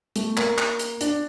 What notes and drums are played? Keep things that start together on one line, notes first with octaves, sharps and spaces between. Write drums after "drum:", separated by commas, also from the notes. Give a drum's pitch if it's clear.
A3, drum: hi-hat
A#3, drum: clap
drum: clap
drum: hi-hat
D4, drum: hi-hat